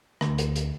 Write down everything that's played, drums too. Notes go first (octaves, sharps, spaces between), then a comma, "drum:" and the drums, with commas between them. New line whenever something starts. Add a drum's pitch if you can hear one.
D2, drum: rim click
drum: hi-hat
drum: hi-hat